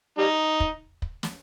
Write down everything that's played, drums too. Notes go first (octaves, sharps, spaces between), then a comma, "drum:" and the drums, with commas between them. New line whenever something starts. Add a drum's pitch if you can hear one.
G3 D#4
drum: kick
drum: kick
drum: snare